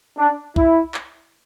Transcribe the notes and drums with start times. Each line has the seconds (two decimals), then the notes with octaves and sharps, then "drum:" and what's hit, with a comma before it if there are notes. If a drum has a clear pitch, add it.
0.17 D4
0.56 E4, drum: kick B1
0.94 drum: clap